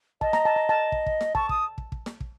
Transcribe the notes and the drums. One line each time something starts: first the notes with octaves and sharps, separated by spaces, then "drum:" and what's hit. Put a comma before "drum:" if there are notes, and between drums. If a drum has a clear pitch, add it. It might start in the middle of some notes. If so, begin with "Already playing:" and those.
D#5 A5, drum: kick
A#5, drum: snare
A5
A#5
A5
drum: kick
drum: kick
drum: snare
A5 C#6, drum: kick
D#6, drum: kick
drum: kick
drum: kick
drum: snare
drum: kick